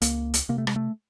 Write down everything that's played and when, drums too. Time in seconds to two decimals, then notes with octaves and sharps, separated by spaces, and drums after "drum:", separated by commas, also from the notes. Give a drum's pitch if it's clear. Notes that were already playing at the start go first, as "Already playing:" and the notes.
0.02 C#2 A#3, drum: hi-hat
0.34 drum: hi-hat
0.49 C3 A#3
0.58 A3
0.67 G#3, drum: rim click
0.76 A3